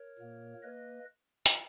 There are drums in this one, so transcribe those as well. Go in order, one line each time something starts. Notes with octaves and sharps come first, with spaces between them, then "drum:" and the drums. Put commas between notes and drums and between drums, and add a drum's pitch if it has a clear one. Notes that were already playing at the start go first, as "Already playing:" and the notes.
Already playing: A#4 C#5
A#2 A#3
A#3 B4 D#5
drum: hi-hat